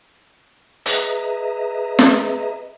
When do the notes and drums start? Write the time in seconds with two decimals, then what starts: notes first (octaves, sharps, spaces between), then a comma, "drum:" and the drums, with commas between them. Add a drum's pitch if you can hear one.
0.86 G#4 B4 D#5 E5 A#5, drum: hi-hat
1.99 drum: snare